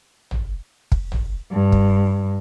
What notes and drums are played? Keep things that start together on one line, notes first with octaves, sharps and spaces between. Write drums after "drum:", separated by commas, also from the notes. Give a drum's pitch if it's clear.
drum: tom
drum: kick
drum: tom
G2
drum: kick